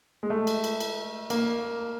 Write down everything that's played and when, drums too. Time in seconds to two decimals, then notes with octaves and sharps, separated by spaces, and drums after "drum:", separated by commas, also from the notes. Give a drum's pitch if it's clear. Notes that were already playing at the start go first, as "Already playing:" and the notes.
0.23 G#3
0.30 A3
0.47 drum: cymbal
0.64 drum: cymbal
0.80 drum: cymbal
1.30 A#3, drum: cymbal